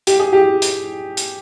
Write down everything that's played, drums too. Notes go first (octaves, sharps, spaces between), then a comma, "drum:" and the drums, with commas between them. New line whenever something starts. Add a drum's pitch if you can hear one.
G4, drum: hi-hat
G#4
G4
drum: hi-hat
drum: hi-hat